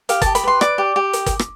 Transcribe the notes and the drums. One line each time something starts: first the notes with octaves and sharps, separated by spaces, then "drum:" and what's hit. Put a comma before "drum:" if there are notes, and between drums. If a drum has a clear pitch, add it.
G4 F5, drum: hi-hat
G4 A5, drum: kick, hi-hat
B5, drum: hi-hat
B4 C6
D5 D6, drum: rim click
G4
G4
drum: hi-hat
drum: kick, hi-hat
drum: rim click